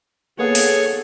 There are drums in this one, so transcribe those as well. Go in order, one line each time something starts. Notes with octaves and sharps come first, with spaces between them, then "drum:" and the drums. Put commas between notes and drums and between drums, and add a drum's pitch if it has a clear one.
A#3 B3 G#4 A4 C#5 F#5
drum: open hi-hat